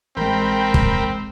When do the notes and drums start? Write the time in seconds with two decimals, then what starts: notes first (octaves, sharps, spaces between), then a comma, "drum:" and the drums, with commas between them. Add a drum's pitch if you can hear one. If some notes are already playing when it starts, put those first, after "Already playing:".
0.17 A1 G#3 C4 A#4 G5 B5
0.74 drum: kick